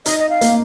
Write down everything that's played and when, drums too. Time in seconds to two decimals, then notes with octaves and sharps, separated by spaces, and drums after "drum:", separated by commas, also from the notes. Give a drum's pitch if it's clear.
0.06 D#4 D#5, drum: hi-hat
0.19 D#5
0.30 F5
0.41 A#3, drum: hi-hat